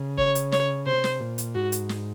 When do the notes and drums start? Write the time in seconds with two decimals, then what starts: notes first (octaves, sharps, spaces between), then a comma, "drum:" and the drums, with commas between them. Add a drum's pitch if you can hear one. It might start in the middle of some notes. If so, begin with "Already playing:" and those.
Already playing: C#3
0.18 C#5, drum: kick
0.35 drum: hi-hat
0.52 C#5, drum: snare
0.86 C3 C5
1.04 drum: snare
1.20 A#2
1.38 drum: hi-hat
1.55 G#2 F#4
1.72 drum: hi-hat
1.89 drum: snare